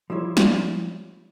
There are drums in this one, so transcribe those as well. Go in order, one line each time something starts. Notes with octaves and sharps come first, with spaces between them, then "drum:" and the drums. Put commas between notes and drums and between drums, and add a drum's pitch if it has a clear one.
F3 G3 E4 C#5
drum: snare